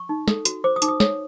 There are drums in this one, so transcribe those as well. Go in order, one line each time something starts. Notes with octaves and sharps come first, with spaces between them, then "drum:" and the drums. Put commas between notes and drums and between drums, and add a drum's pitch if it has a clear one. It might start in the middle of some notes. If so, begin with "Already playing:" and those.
Already playing: C#6
D#4
A4, drum: snare
F#4, drum: hi-hat
C5 D6
D#6
D#4 D6, drum: hi-hat
D#6
C#5 D#6, drum: snare